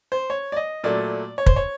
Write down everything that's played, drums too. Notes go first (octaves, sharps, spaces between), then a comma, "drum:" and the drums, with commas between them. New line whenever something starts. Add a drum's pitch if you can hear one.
C5
C#5
D5
D#5
A#2 F#3 A3 D5
C#5
C5, drum: kick
C#5